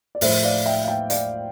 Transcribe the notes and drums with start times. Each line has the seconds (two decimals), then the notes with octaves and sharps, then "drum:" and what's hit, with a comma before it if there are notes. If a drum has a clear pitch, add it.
0.15 D5
0.21 A2 F3 C5 E5, drum: open hi-hat
0.44 D5 F5
0.65 E5 G5
0.84 F5
0.88 E5 G5
1.10 D5 F5, drum: hi-hat